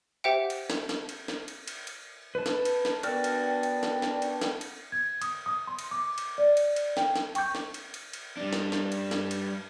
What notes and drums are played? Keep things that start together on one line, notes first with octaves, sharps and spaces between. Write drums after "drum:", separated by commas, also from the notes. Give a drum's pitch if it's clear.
G4 C5 E5 F#5 G5
drum: cymbal
drum: snare
drum: snare
drum: cymbal
drum: snare
drum: cymbal
drum: cymbal
drum: cymbal
B4 A5
drum: snare
drum: cymbal
drum: snare
B3 D4 F#4 A#4 D5 G5 F6, drum: cymbal
drum: cymbal
drum: cymbal
drum: snare
drum: snare
drum: cymbal
drum: snare
drum: cymbal
G#6
D#6, drum: cymbal
D#6
C6
drum: cymbal
D6
drum: cymbal
D5
drum: cymbal
drum: cymbal
G5, drum: snare
drum: snare
G5 C#6 D6 G6, drum: cymbal
drum: snare
drum: cymbal
drum: cymbal
drum: cymbal
G3 D4
drum: snare
drum: snare
drum: cymbal
drum: snare
drum: cymbal